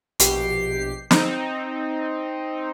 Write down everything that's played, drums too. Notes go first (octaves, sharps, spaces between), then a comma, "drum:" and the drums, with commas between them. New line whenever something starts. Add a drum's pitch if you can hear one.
A#1 B2 G4 C7, drum: hi-hat
C4 D#4, drum: snare